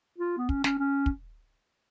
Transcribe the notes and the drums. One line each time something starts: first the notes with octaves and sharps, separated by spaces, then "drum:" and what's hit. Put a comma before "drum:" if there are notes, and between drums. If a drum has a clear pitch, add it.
F4
B3
C#4, drum: kick
C#4, drum: snare
C#4
drum: kick